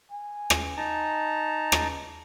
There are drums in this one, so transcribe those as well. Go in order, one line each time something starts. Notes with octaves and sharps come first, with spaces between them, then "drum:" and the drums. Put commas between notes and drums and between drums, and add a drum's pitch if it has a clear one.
G#5
drum: rim click
D#4 A5 A#5
drum: rim click